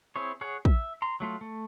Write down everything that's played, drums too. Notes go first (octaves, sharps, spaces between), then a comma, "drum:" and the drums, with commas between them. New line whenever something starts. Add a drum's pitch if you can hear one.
C4 E4 G#4 C#5
G#4 C#5 F#5
E5, drum: kick
A#5 C6
F#3 A3 F4
A3